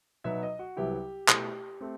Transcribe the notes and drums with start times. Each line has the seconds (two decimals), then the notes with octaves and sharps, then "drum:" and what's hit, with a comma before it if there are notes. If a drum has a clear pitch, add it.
0.24 B2 F#3 B3 D#4 E5
0.43 D#5
0.59 F#4
0.76 C2 C3 F#3 B3 E4 G4
1.28 B2 A3 E4 G4, drum: clap
1.81 A3 C4